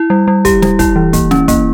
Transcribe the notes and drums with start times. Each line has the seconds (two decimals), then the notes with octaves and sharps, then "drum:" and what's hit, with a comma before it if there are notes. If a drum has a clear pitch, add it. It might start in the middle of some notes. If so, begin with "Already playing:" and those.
Already playing: E4
0.10 G3
0.28 G3
0.45 G4, drum: kick, hi-hat
0.62 G3, drum: snare
0.79 E4, drum: kick, hi-hat
0.96 E3
1.13 A#3, drum: kick, hi-hat
1.31 C#4, drum: snare
1.48 A#3, drum: kick, hi-hat